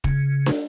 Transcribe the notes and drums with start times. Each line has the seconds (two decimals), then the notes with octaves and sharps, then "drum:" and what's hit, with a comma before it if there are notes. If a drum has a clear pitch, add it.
0.04 C#3, drum: kick
0.46 drum: snare